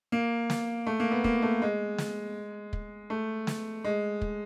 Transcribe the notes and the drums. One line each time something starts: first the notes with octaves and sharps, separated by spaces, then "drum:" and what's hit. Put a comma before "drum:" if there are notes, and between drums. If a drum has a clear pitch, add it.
A#3
drum: snare
A3
A#3
B3
A#3, drum: kick
A3
G#3
drum: snare
drum: kick
A3
drum: snare
G#3
drum: kick